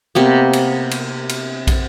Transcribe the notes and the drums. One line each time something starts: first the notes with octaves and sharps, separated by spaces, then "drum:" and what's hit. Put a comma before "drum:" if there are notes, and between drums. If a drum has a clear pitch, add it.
C3 A#3 B3
drum: cymbal
drum: cymbal
drum: cymbal
drum: kick, cymbal